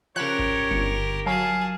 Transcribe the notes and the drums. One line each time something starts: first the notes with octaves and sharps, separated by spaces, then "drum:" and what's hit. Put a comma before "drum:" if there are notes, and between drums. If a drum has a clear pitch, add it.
C#3 F3 G4 A#4 C#5 F#6
drum: kick G#1
G1
F#3 G#4 F5 G#5 A5